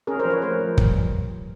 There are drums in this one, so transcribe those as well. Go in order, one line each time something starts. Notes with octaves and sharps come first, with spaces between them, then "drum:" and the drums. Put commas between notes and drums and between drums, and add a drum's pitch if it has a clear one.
C#4 G#4 A#4
A#4 C5
F3
B4 C#5
A3 A#4 C5
F3
G3, drum: kick